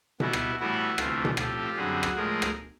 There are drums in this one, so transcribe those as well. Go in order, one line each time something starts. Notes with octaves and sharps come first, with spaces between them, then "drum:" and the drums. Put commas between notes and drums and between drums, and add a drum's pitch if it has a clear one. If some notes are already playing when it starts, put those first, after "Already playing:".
B2 G3 B3 E4 F#4, drum: tom B2
drum: rim click
A2 E3 G3 B3 E4 F#4
D2 C3 E3 A3 F4, drum: rim click
drum: tom B2
A2 F3 A3 C4 F4 G4, drum: rim click
F#2 D3 G3 C4 F#4 G#4
drum: rim click
A2 F3 G#3 G#4 A#4
drum: rim click